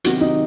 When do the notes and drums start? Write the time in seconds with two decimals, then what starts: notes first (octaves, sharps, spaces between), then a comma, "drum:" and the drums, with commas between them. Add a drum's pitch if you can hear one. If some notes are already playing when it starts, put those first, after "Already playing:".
0.04 C3 D#3 F#3 F#4, drum: hi-hat
0.21 D#4